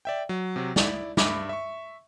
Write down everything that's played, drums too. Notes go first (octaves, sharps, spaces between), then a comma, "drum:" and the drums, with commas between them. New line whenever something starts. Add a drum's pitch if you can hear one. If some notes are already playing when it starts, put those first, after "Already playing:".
D5 E5 G5
F#3
C3 F#3
E4 D5, drum: snare
G2 E5 B5 D6, drum: snare
E5 C#6